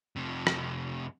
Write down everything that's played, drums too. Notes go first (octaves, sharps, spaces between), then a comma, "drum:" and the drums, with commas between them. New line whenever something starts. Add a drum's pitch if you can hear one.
F2 C3
drum: rim click